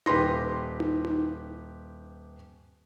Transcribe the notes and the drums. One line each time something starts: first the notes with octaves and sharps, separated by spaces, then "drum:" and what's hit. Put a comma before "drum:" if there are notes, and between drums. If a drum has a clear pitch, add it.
D#1 G4 B4 C6 A#6, drum: tom D#4
drum: tom D#4
drum: tom D#4